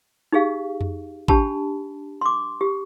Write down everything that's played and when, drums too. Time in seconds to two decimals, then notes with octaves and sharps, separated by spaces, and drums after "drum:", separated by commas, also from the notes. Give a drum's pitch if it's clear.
0.32 D#4 G4 G#4 F5
0.81 drum: tom F2
1.28 D4 G4 A5 B5, drum: kick G#1
2.21 C6 D6
2.61 G4